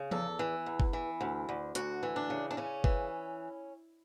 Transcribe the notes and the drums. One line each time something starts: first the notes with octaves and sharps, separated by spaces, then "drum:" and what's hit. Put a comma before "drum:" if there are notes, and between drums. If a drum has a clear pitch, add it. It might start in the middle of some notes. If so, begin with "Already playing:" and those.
Already playing: C#3
E2 A4, drum: tom F3
E3
E2
drum: kick G1
E3
D2
D2
D2 F#4, drum: hi-hat
E3
D4
C#3
D4
C#3 C#4
E3, drum: kick G1